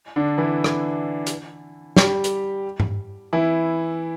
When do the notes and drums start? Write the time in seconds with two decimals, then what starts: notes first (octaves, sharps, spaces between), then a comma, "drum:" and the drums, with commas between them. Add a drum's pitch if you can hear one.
0.16 D3 D4
0.38 E3 E4
0.64 drum: rim click
1.26 drum: hi-hat
1.97 G3 G4, drum: snare
2.24 drum: hi-hat
2.80 drum: tom G2
3.33 E3 E4